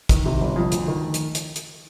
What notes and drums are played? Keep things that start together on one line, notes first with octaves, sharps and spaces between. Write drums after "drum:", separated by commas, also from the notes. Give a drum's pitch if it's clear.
D#3, drum: kick, hi-hat
C3
G1
F2
D2, drum: hi-hat
D#3
drum: hi-hat
drum: hi-hat
drum: hi-hat